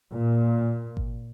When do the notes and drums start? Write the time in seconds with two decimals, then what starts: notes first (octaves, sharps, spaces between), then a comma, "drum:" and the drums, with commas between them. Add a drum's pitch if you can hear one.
0.11 A#2
0.97 drum: kick G#1